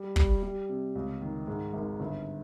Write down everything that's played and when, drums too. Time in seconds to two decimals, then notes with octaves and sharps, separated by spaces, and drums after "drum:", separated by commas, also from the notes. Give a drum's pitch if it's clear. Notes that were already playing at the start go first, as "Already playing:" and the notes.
Already playing: G3
0.16 G3, drum: kick
0.43 G3
0.68 C3
0.95 C#2
1.21 D#3
1.47 G#2
1.74 G#1
2.00 G1